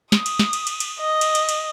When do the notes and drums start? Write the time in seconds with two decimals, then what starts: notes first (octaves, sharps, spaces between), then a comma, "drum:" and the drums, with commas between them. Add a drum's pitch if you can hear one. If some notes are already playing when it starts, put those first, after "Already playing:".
0.12 D#6, drum: snare
0.26 drum: cymbal
0.39 drum: snare
0.53 drum: cymbal
0.67 drum: cymbal
0.80 drum: cymbal
1.00 D#5
1.21 drum: cymbal
1.35 drum: cymbal
1.49 drum: cymbal